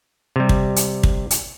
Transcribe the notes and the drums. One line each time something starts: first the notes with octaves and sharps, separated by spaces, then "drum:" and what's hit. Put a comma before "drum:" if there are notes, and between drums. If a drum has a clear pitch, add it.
C3 G3
drum: kick
drum: hi-hat
drum: kick
drum: hi-hat